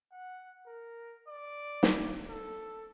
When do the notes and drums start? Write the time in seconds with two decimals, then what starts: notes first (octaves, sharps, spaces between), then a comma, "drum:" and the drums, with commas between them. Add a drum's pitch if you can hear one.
0.12 F#5
0.67 A#4
1.28 D5
1.83 drum: snare
2.29 A4